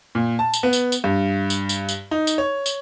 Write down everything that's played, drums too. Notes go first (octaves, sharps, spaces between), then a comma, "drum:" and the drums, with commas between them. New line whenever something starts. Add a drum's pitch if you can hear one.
A#2
A5
drum: tambourine
B3
drum: tambourine
drum: tambourine
G2
drum: tambourine
drum: tambourine
drum: tambourine
D#4
drum: tambourine
C#5
drum: tambourine